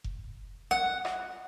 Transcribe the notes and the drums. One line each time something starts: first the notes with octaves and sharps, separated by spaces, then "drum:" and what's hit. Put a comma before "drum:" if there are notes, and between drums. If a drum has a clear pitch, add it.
drum: kick F1
F#5, drum: snare
drum: rim click